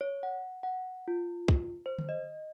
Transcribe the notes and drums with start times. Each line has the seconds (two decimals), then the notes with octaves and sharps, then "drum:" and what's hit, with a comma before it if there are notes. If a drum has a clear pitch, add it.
0.01 C#5
0.23 F#5
0.63 F#5
1.08 F4
1.48 drum: kick
1.86 C5
1.99 drum: tom D3
2.09 D#5